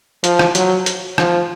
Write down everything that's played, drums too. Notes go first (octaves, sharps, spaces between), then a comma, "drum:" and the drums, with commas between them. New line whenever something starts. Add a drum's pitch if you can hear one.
F3, drum: hi-hat
drum: rim click
F#3, drum: hi-hat
drum: hi-hat
F3, drum: rim click